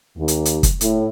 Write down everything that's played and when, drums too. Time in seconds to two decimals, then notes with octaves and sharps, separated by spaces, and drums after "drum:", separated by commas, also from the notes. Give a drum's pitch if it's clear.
0.17 D#2
0.28 drum: hi-hat
0.45 drum: hi-hat
0.63 drum: kick, hi-hat
0.81 A2, drum: hi-hat